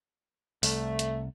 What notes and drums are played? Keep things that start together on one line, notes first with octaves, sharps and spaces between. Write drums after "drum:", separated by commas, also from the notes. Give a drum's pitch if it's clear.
C2 A3, drum: open hi-hat
drum: hi-hat